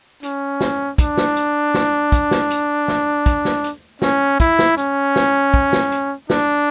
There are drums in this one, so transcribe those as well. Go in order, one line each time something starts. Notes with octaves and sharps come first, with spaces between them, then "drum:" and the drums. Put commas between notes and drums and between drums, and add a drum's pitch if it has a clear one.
C#4, drum: hi-hat
drum: snare
D4, drum: kick, hi-hat
drum: snare
drum: hi-hat
drum: snare
drum: kick, hi-hat
drum: snare
drum: hi-hat
drum: snare
drum: kick, hi-hat
drum: snare
drum: hi-hat
C#4, drum: snare
E4, drum: kick, hi-hat
drum: snare
C#4, drum: hi-hat
drum: snare
drum: kick
drum: snare
drum: hi-hat
D4, drum: snare